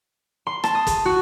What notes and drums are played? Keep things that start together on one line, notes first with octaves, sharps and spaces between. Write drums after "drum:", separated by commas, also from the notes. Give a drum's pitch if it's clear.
C6
A5, drum: rim click
D#6
drum: kick, hi-hat
F#4